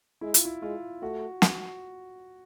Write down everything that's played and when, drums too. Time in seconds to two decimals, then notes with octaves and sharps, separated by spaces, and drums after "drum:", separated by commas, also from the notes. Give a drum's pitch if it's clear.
0.21 G#3 E4
0.34 F4, drum: hi-hat
0.45 E4
0.62 G#3 F4
1.02 A3 F#4
1.42 F#4, drum: snare